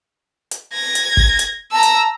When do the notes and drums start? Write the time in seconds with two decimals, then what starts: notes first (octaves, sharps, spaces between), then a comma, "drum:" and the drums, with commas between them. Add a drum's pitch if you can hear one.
0.51 drum: hi-hat
0.73 G#6 A#6
0.95 drum: hi-hat
1.17 drum: kick
1.39 drum: hi-hat
1.72 A5 A#5 E6
1.83 drum: hi-hat